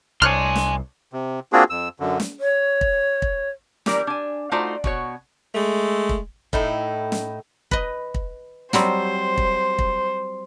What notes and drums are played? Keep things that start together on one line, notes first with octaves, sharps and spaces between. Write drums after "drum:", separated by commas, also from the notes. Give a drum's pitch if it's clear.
C2 D4 C5 C#5 G#5 C6 F6 F#6
drum: snare
C3
A#3 C4 D4 F4 F#4 G#4
F2 E6
F#2 D3
drum: snare
C#5
drum: kick
drum: kick
E3 G3 A#3 A#4 D5, drum: snare
D4 G#5
A3 D#4 F4 F#4 C5 D5
B2 F#4 C#5, drum: kick
G#3 A3
drum: kick
A2 D#4 E4, drum: kick
drum: snare
B4 D#5, drum: kick
drum: kick
F#3 G3 C4 C5, drum: snare
drum: kick
drum: kick